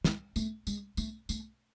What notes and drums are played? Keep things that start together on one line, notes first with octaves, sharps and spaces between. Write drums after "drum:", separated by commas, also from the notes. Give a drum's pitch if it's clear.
G#3, drum: snare
A3, drum: tambourine
G#3, drum: tambourine
A3, drum: tambourine
A3, drum: tambourine